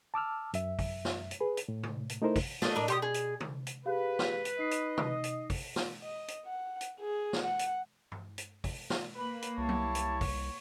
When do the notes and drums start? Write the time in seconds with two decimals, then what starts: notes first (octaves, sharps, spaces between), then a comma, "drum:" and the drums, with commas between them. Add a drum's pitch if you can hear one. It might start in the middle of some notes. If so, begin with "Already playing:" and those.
0.14 A5 D6 E6 F6
0.54 F#2 E5, drum: hi-hat
0.79 drum: kick, open hi-hat
1.05 drum: snare
1.31 drum: hi-hat
1.41 G#4 B4
1.57 drum: hi-hat
1.68 A2
1.83 drum: tom C3
2.10 drum: hi-hat
2.22 A3 D#4 E4 A#4 C5
2.36 drum: kick, open hi-hat
2.62 A3 A#3 D4 D#5, drum: snare
2.75 A2 A#4 D5
2.88 B2 G4 C6 D#6, drum: hi-hat
3.02 G#4
3.14 drum: hi-hat
3.40 drum: tom C3
3.67 drum: hi-hat
3.86 G4 G#4 B4 F5
4.19 drum: snare
4.45 drum: hi-hat
4.59 D#4 D#5 C7
4.71 drum: hi-hat
4.97 drum: tom B2
5.24 drum: hi-hat
5.50 drum: kick, open hi-hat
5.76 drum: snare
6.02 D#5
6.28 drum: hi-hat
6.46 F#5
6.81 drum: hi-hat
7.00 G#4
7.33 drum: snare
7.44 F#5
7.59 drum: hi-hat
8.12 drum: tom G2
8.38 drum: hi-hat
8.64 drum: kick, open hi-hat
8.90 drum: snare
9.16 A#3 B4 B5
9.42 drum: hi-hat
9.58 C2 E4 G4 C#5 A5
9.69 drum: tom F#3
9.95 drum: hi-hat
10.21 drum: kick, open hi-hat